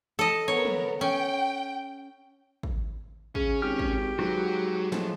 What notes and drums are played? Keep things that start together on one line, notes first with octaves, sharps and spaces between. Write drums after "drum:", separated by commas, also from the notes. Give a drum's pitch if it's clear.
A4 D#5
B3 A#4 C#5
drum: tom
C#4 G5
drum: kick
C#3 C#4, drum: kick
G#1 G4 F6
drum: kick
G#2 F#3 F#4 B4
A2 F3 G#3, drum: snare